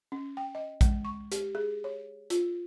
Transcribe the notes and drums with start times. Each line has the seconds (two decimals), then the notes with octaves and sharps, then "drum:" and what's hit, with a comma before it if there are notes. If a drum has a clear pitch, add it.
0.12 C#4
0.37 G5
0.55 D#5
0.81 G#3, drum: kick A#1, hi-hat
1.05 C#6
1.32 G4, drum: hi-hat
1.55 G#4
1.84 C#5
2.30 F4, drum: hi-hat